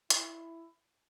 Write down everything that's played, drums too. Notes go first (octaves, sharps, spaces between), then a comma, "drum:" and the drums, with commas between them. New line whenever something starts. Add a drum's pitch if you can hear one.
E4, drum: hi-hat